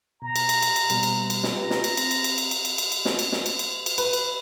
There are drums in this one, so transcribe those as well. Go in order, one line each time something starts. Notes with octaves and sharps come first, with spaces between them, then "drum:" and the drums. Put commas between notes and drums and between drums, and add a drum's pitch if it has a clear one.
B2 A#5
drum: cymbal
drum: cymbal
drum: cymbal
drum: cymbal
B2 G3 A#3, drum: cymbal
drum: cymbal
drum: cymbal
drum: snare
F4 G4 B4 A#5
drum: snare
drum: cymbal
C4, drum: cymbal
drum: cymbal
drum: cymbal
drum: cymbal
drum: cymbal
drum: cymbal
drum: cymbal
drum: cymbal
drum: snare
drum: cymbal
drum: snare
drum: cymbal
drum: cymbal
drum: cymbal
B4, drum: cymbal
drum: cymbal